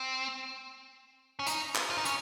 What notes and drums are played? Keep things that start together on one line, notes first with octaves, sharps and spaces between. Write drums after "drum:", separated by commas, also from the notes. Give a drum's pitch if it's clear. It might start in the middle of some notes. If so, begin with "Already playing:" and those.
Already playing: C4
C#4
D#4, drum: hi-hat
drum: clap
F4
D#4
C#4, drum: hi-hat